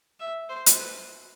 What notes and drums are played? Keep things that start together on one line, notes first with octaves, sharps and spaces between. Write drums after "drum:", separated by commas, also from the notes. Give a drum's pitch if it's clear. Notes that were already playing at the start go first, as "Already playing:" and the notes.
E5
C5
drum: hi-hat
B4